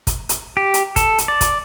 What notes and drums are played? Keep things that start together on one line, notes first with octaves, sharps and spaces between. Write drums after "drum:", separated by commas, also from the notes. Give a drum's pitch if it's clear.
drum: kick, hi-hat
drum: hi-hat
G4
drum: hi-hat
A4, drum: kick, hi-hat
drum: hi-hat
D5
drum: kick, hi-hat